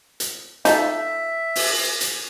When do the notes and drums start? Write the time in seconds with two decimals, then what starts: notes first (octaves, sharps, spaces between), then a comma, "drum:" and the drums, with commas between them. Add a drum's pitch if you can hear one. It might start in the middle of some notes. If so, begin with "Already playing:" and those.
0.20 drum: hi-hat
0.65 D#4 F4 A4 E5, drum: hi-hat
1.56 drum: open hi-hat
2.01 drum: hi-hat